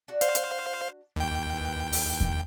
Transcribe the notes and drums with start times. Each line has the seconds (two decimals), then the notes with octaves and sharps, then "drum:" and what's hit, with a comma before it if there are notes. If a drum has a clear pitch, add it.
0.08 D4 F#4 F#5
0.21 C5 F5, drum: hi-hat
0.35 drum: hi-hat
1.16 D#2 E3 G5
1.53 D#3 E3 B4
1.92 drum: open hi-hat
2.20 drum: kick E2